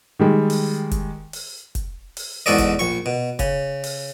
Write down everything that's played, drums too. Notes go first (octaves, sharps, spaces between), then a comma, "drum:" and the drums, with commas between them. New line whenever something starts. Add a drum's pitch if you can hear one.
D#3 G3 G#3
drum: open hi-hat
drum: kick, hi-hat
drum: open hi-hat
drum: kick, hi-hat
drum: open hi-hat
E2 G#2 F#4 A4 D5 D#5
drum: kick, hi-hat
A#1 C#6
B2
C#3, drum: kick, hi-hat
drum: open hi-hat